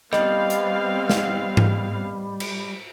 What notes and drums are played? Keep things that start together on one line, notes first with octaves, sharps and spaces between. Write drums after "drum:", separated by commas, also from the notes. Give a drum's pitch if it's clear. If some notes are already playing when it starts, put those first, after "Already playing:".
G3 B3 C4 D#5 F5, drum: rim click
drum: hi-hat
drum: snare
drum: tom G#2
drum: cymbal